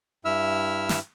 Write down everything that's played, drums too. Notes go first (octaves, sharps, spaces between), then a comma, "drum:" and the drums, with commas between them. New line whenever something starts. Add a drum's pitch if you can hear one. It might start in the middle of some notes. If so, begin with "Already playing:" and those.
G2 E4 E5 E6 F6
drum: snare